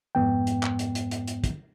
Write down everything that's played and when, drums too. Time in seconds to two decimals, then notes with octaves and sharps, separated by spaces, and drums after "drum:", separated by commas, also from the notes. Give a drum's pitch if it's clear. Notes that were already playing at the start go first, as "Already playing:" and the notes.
0.15 F2 G#2 B3 G5
0.47 drum: hi-hat
0.63 drum: clap
0.79 drum: hi-hat
0.95 drum: hi-hat
1.11 drum: hi-hat
1.28 drum: hi-hat
1.44 drum: kick, hi-hat